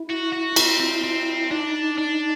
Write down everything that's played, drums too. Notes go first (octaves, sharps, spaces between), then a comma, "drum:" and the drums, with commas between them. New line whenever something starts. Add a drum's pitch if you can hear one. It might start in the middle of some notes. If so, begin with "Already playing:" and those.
Already playing: E4
F#4
F#4
C4 E4, drum: cymbal
C4
C4
D4 D#4
D4